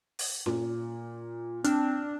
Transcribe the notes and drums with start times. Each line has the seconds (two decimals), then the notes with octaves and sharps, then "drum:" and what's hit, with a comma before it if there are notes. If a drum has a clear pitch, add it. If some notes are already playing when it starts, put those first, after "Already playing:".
0.19 drum: open hi-hat
0.46 A#2, drum: snare C#4
1.64 C4 D4 F6, drum: hi-hat